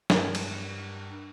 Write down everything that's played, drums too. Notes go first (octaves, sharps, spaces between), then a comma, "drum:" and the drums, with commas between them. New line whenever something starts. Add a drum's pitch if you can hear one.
G2 A#4, drum: snare
drum: cymbal